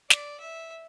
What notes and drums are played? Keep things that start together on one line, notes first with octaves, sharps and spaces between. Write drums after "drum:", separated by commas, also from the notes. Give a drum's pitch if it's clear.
D5, drum: snare
E5